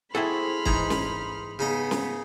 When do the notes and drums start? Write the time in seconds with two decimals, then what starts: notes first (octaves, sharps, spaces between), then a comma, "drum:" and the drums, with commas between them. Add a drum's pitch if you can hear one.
0.15 C4 E4 F#4 G#4 A4 B5 C6 F6
0.66 G#2 E3 D#4 A#5, drum: kick
0.90 drum: snare
1.59 C#3 B3 D#4 D#5
1.91 drum: snare